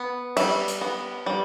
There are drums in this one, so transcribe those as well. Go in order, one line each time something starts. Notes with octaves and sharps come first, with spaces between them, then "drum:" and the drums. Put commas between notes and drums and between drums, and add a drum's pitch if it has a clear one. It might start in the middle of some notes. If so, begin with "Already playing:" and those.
Already playing: B3
G3 E5, drum: cymbal
drum: hi-hat
B3
G3